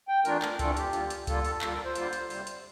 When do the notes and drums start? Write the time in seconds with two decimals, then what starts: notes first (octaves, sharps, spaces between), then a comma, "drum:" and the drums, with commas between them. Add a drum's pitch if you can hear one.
0.08 G5
0.25 F2 E3 A3 D4 F4 A#4, drum: hi-hat
0.42 drum: clap
0.59 F2 E3 A3 D4 F4 A4, drum: kick C#2, hi-hat
0.77 G4, drum: hi-hat
0.93 D3 G3 A#3 F4, drum: hi-hat
1.10 drum: hi-hat
1.27 D3 G3 A#3 F4 A4, drum: kick C#2, hi-hat
1.45 drum: open hi-hat
1.62 D3 G3 A#3 F4 A4, drum: clap
1.73 A#4
1.85 C5
1.95 D3 G3 A#3 F4, drum: hi-hat
2.13 drum: hi-hat
2.30 F2 C3 G3, drum: open hi-hat
2.47 drum: hi-hat